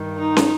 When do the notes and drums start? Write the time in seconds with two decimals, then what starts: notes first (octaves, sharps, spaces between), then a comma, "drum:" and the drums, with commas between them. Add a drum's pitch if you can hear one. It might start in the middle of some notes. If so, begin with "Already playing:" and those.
Already playing: G2 D#3
0.17 D#4
0.37 drum: snare